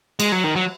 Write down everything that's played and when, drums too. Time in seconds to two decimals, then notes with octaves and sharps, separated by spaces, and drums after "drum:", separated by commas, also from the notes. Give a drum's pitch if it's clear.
0.20 G#3, drum: cymbal
0.32 F#3
0.44 D#3
0.56 F#3